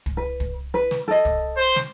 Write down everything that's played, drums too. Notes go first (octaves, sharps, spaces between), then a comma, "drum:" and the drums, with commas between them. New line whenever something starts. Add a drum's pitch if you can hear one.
drum: kick
B4
drum: kick
B4
drum: snare
A4 D#5
drum: kick
C5
drum: snare